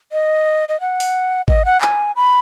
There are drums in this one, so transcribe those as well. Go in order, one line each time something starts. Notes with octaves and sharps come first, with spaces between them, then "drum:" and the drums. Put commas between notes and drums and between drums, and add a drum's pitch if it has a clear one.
D#5
D#5
F#5
drum: open hi-hat
D#5, drum: kick G#1
F#5
G#5, drum: clap
B5